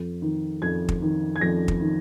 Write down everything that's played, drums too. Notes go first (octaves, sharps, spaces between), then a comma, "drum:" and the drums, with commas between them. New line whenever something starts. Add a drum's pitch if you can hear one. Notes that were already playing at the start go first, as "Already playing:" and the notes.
Already playing: F2
D#3
F2 G#6
drum: kick
D#3
G#6
F2 A#6
drum: kick
D#3